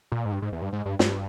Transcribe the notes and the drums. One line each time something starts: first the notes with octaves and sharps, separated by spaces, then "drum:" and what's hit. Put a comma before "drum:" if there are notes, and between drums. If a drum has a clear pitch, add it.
A#2
G#2
G2
G#2
E2
G2
G#2
G2
G2, drum: snare